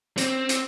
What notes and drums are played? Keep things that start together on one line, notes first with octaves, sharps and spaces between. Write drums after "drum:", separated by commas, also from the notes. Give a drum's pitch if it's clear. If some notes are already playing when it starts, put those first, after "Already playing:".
C4, drum: hi-hat
drum: hi-hat